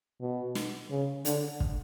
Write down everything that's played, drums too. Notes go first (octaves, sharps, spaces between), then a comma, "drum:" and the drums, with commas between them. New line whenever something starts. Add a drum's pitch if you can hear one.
B2
drum: snare
C#3
D3, drum: hi-hat
drum: kick